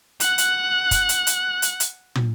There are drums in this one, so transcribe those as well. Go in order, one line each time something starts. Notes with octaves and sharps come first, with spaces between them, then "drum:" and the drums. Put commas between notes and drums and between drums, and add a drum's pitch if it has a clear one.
F#5 F#6, drum: hi-hat
drum: hi-hat
drum: kick, hi-hat
drum: hi-hat
drum: hi-hat
drum: hi-hat
drum: hi-hat
drum: tom